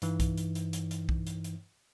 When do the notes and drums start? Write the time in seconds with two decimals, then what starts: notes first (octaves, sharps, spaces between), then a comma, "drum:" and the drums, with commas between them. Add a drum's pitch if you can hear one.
0.02 G2 E3 D#4, drum: hi-hat
0.20 drum: kick B1, hi-hat
0.38 drum: hi-hat
0.55 drum: hi-hat
0.73 drum: hi-hat
0.91 drum: hi-hat
1.09 drum: kick B1
1.27 drum: hi-hat
1.44 drum: hi-hat